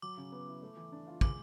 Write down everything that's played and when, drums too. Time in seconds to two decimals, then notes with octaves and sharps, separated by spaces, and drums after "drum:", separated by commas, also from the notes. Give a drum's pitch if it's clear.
0.02 F#3 D6
0.17 C#3
0.32 B3
0.47 E4
0.62 A3
0.77 E3
0.92 D4
1.07 F4
1.21 G#3 D6, drum: kick